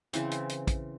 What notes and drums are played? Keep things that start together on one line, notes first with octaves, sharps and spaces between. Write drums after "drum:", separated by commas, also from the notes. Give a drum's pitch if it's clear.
C#3 E3 C4, drum: hi-hat
drum: hi-hat
drum: hi-hat
drum: kick, hi-hat